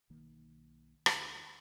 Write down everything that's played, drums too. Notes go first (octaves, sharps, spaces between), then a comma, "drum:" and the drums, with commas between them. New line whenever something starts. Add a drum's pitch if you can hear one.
B1 D#3 A#3
D2 D3, drum: rim click